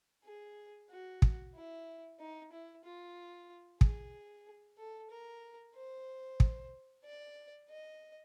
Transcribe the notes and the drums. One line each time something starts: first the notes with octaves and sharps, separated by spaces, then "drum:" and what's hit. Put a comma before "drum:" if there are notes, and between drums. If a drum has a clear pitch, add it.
G#4
F#4
drum: kick
E4
D#4
E4
F4
G#4, drum: kick
A4
A#4
C5
drum: kick
D5
D#5